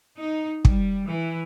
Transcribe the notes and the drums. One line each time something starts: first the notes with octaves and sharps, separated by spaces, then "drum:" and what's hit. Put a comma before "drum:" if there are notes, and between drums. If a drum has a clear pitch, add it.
D#4
G3, drum: kick
E3